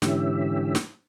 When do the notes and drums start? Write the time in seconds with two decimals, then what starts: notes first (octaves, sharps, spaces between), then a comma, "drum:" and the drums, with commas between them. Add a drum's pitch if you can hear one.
0.02 G#2 D3 E3 C#4 G4 E5, drum: snare
0.75 drum: snare